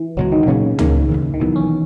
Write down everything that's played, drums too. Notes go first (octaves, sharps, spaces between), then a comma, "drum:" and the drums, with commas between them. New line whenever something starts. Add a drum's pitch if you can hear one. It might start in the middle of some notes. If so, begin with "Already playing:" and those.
Already playing: E3
C#2 B2 F#3 G#3
D#3
A#2 C#3 F#3 A#3 C#4
B2 D#3 A#3 C#4, drum: tom C#2
D#2 C#3 E3
D#3
C#2 B2 E3 F#3 B3
C#4